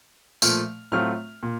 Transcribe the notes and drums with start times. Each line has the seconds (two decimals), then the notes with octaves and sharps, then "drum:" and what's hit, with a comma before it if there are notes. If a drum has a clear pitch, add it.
0.42 A#2 F3 A3 F6, drum: tambourine
0.92 A2 F#3 A3 C4 F4 F6
1.43 A#2